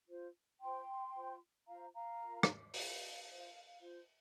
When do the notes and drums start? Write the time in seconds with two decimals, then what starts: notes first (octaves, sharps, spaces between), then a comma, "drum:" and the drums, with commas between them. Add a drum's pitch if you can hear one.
0.08 F4 C5
0.61 F4 C5 G5 C6
1.15 F4 C5
1.68 F4 C5 F5 A#5
1.94 F5 A#5
2.22 F4 A#4
2.43 drum: rim click
2.74 F4 A#4 F5, drum: open hi-hat
3.28 F4 C5
3.80 F4 C5